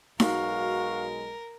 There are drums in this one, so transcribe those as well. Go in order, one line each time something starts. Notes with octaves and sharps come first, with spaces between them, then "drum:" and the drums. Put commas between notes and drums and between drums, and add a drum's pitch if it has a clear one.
B1 F#3 G#3 F#4 A#4 F5, drum: snare D#4